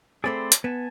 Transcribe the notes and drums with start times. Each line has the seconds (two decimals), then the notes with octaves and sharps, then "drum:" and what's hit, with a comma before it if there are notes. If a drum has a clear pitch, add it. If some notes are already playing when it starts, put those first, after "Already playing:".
0.24 A3 C4 G#4 D5 B5 C6
0.52 drum: hi-hat
0.64 B3 G#5 A5